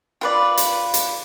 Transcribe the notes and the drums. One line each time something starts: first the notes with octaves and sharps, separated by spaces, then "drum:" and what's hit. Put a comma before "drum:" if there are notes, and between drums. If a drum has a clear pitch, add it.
F4 B4 D5
drum: hi-hat
drum: hi-hat